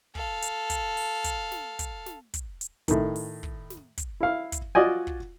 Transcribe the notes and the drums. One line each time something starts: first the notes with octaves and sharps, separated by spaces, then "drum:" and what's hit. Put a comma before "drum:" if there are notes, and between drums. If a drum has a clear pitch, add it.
A4 F5, drum: kick
drum: hi-hat
drum: kick, hi-hat
drum: open hi-hat
drum: kick, hi-hat
drum: snare
drum: kick, hi-hat
drum: snare
drum: kick, hi-hat
drum: hi-hat
A2 D#3, drum: kick, hi-hat
drum: open hi-hat
drum: kick
drum: snare
drum: kick, hi-hat
E4 F5
drum: kick, hi-hat
F4 F#4 D5 D#5 G#5
drum: kick